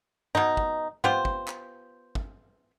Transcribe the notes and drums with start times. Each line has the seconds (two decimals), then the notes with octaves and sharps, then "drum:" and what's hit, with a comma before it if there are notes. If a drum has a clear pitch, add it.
0.35 B2 D#4, drum: tom G2
0.57 drum: kick
1.04 B3 F4 G4 C5, drum: tom G#2
1.25 drum: kick
1.48 drum: clap
2.15 drum: kick